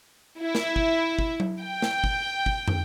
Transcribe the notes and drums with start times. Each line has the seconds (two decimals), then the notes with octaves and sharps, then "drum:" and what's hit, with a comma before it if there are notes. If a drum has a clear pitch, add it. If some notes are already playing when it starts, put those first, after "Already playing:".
0.41 E4
0.55 drum: snare
0.76 drum: kick
1.19 drum: kick
1.40 drum: tom F#3
1.61 G5
1.82 drum: snare
2.04 drum: kick
2.46 drum: kick
2.68 drum: tom